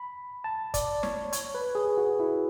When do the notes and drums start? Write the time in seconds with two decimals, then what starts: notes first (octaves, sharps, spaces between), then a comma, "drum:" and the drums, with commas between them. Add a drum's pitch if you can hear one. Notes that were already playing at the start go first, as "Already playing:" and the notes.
Already playing: B5
0.44 A5
0.74 D5, drum: kick, hi-hat
1.03 C#5, drum: snare
1.33 C#5, drum: hi-hat
1.54 B4
1.75 G#4
1.98 F#4
2.20 E4